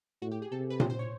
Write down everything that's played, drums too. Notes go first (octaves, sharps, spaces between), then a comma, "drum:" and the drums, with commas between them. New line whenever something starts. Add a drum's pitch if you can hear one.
A2 F#4
G4
G#4
C3 A4
B4
C5, drum: tom A#2
C5
C#5